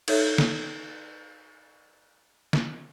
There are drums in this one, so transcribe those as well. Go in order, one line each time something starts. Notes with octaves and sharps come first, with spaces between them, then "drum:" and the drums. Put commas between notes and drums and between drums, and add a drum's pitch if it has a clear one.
D#4 A4 C#5 E5, drum: cymbal
drum: snare
drum: snare